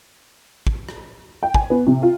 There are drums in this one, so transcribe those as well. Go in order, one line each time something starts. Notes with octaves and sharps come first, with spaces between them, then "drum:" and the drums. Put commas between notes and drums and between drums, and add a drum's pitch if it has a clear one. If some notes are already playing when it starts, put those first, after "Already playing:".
drum: kick
drum: rim click
G5
G#5, drum: kick
B3
C3
F4